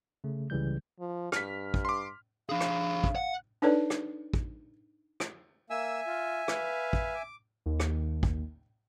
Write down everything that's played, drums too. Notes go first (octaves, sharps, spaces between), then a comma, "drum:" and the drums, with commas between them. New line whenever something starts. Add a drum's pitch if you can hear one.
C#3 A3
C#2 C#3 E3 G3 G6
F3
G2 F6 B6, drum: rim click
drum: kick
C6 D6
D4 G#4 F5
drum: rim click
drum: kick
F#5
D4 D#4 A4 B4 C#5 D5
drum: rim click
drum: kick
drum: rim click
A#3 E5 G#5 E6
F4
B4 F5, drum: rim click
drum: kick
D6
D#2
drum: rim click
drum: kick